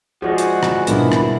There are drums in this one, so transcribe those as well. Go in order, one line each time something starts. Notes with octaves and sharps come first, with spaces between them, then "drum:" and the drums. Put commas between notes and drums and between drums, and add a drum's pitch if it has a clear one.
F3 G#3 F#4 G#4 D5
drum: hi-hat
drum: rim click
B2 D#3 G3 A#3 B3 D4 E4, drum: hi-hat
drum: rim click